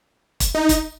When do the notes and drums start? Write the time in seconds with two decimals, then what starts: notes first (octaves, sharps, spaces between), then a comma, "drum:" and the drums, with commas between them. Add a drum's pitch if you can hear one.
0.40 drum: kick, hi-hat
0.55 D#4
0.69 drum: kick, hi-hat